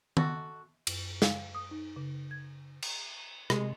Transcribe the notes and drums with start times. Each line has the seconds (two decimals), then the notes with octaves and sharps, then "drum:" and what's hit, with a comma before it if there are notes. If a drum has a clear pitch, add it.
0.17 F#4 A4, drum: tom
0.87 F#2, drum: cymbal
1.22 F5, drum: snare
1.55 D#6
1.71 D#4
1.96 C#3
2.31 G#6
2.82 drum: cymbal
3.50 C3 G#3, drum: rim click